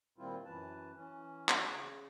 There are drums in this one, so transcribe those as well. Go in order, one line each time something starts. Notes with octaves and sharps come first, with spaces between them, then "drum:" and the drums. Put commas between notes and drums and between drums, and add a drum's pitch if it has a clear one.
A#2 D#3 G3 C4 E4 F4
F#2 E3 B4 A5
E3 C#4
drum: clap
C#3